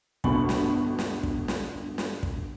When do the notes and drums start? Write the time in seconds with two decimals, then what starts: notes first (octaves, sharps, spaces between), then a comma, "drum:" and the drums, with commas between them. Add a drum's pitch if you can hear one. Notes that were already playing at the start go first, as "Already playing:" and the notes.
0.24 G1 D2 B2 B5 C#6 F#7, drum: kick
0.49 drum: snare
0.99 drum: snare
1.23 drum: kick
1.48 drum: snare
1.98 drum: snare
2.23 drum: kick